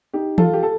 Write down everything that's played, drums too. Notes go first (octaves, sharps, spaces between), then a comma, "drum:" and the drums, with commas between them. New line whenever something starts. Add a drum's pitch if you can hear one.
D#4 G4
F4 A4, drum: tom E3
G4
A4